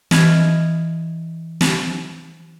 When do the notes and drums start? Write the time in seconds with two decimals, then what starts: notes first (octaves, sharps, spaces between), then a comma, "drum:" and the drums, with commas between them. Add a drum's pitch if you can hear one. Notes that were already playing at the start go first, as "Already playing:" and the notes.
0.11 E3 D#5 F6 G#6, drum: snare
1.61 drum: snare